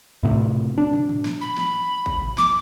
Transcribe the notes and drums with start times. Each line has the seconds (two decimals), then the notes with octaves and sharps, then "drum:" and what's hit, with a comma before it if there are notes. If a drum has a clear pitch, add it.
0.23 A2 C3
0.78 D4
0.93 drum: tom
1.09 drum: tom
1.25 drum: snare
1.41 B5
1.58 drum: snare
2.06 drum: kick
2.22 drum: tom
2.38 D6, drum: snare